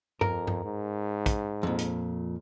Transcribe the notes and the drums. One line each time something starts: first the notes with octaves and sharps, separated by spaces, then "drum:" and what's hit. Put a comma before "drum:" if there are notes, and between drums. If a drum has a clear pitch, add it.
F2 A#4, drum: tom G2
drum: tom G2
G#2
drum: kick, hi-hat
F2 A#2
drum: hi-hat